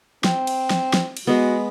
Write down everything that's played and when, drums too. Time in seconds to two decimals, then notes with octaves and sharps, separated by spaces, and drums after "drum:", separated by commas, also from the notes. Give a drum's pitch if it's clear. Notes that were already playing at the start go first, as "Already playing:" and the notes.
0.24 C4, drum: snare
0.47 drum: cymbal
0.70 drum: snare
0.93 drum: snare
1.17 drum: cymbal
1.27 G#3 B3 F#4